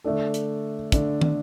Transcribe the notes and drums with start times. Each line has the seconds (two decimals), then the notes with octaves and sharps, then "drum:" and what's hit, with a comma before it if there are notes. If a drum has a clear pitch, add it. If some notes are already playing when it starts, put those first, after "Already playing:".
0.04 D3 A3 D4 A4
0.34 drum: hi-hat
0.92 D3 A3 D4 A4, drum: kick, hi-hat
1.21 drum: tom